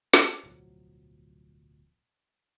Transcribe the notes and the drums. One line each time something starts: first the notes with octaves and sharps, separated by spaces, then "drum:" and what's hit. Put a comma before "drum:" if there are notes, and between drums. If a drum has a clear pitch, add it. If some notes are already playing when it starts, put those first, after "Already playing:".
drum: snare
D1 B1 F3 F#3